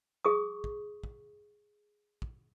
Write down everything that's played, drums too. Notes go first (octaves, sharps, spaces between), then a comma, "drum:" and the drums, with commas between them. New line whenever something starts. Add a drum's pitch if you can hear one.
G#4 C#6 D#6
drum: kick
drum: kick
drum: kick